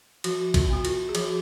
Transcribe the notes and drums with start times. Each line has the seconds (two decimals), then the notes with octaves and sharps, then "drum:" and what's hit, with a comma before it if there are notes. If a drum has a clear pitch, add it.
0.24 F3 F#4, drum: cymbal
0.54 F4, drum: kick A1, cymbal
0.70 B3 F#4
0.85 F4, drum: cymbal
1.09 G#4
1.15 F3 F#4, drum: cymbal